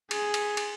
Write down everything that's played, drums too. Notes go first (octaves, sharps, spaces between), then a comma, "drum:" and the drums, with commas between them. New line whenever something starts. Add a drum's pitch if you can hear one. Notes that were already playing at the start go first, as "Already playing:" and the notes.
G#4, drum: cymbal
drum: cymbal
drum: cymbal